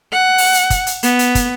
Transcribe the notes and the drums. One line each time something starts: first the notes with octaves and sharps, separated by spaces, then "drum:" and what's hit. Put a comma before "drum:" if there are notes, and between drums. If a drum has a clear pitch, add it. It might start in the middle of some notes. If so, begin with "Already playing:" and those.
F#5
drum: open hi-hat
drum: hi-hat
drum: kick, hi-hat
drum: hi-hat
B3, drum: hi-hat
drum: hi-hat
drum: kick, hi-hat